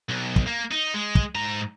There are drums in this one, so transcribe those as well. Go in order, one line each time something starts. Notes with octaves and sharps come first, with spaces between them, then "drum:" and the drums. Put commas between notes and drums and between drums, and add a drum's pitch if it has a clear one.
B1
drum: kick
A#3
D#4
G#3
drum: kick
G#2 A#5